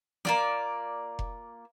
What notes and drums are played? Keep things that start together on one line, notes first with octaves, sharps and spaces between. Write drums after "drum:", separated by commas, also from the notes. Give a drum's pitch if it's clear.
A#3 F4 D5, drum: snare
drum: kick F1